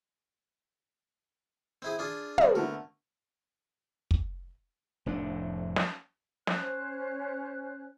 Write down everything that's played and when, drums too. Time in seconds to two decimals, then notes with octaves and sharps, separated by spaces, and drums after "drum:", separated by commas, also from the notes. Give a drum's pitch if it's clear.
1.82 C4 E4 G#4
1.99 D4 F4 G#4
2.38 C3 G3 C4, drum: tom
2.55 D3 A3 B3 A#4
4.11 drum: kick
5.06 F1 F2 A2 D4
5.76 drum: snare
6.47 C#4 C5 C#5 F#6, drum: snare